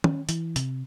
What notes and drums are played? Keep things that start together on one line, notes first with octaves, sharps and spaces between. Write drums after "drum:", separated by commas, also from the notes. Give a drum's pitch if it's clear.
C#4, drum: tom
E3, drum: hi-hat
C3, drum: hi-hat